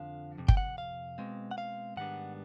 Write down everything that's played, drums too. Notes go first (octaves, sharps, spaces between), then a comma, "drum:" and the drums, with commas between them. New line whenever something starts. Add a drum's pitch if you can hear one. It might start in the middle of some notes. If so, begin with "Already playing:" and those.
Already playing: F2 D3 F3 D4 F5
F2 C3
G5, drum: kick G1
F#5
F5
B2 G#3 C4
F#5
F5
G#2 D#3 G3 B3 D4 F#5